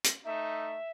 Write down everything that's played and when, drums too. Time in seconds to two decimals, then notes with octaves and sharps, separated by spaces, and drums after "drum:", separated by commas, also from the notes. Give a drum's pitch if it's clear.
0.04 drum: hi-hat
0.24 A3 D#4 E5